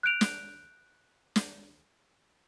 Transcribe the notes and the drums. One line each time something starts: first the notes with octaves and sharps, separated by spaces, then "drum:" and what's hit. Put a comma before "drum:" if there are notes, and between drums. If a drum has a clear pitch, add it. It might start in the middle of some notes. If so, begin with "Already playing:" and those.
F#6 G6 D7 F7
drum: snare
drum: snare